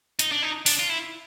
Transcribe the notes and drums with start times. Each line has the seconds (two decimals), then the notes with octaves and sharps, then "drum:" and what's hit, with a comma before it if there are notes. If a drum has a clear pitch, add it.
0.19 D#4, drum: hi-hat
0.31 D4
0.42 D#4
0.66 D4, drum: open hi-hat
0.80 F4
0.90 E4